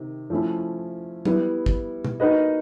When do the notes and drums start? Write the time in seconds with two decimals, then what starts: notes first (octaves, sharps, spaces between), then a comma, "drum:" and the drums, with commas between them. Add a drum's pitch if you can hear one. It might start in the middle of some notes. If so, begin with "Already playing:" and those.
Already playing: C3 D#3
0.30 F3 A3 C#4 E4
1.25 G3 B3 E4, drum: tom
1.66 drum: kick
2.05 drum: tom B2
2.20 A#3 D#4 F#4 B4 D#5